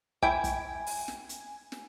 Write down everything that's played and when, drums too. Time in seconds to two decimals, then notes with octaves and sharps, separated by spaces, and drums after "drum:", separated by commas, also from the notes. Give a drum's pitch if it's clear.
0.23 E4 G5 G#5, drum: kick
0.44 drum: kick, hi-hat
0.87 drum: open hi-hat
1.08 drum: snare
1.29 drum: hi-hat
1.72 drum: snare